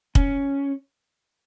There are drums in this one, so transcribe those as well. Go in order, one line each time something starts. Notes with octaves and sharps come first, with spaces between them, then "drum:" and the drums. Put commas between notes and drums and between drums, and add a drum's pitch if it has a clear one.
C#4, drum: kick